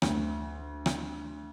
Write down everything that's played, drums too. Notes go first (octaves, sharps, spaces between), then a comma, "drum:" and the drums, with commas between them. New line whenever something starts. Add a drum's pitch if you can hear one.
D2, drum: rim click
drum: rim click